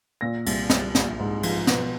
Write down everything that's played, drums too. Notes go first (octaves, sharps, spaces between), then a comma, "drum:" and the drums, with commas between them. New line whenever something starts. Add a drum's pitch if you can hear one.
A#2 A#6
C2, drum: cymbal
C2, drum: snare
A#1, drum: snare
G#2
F3, drum: cymbal
B2, drum: snare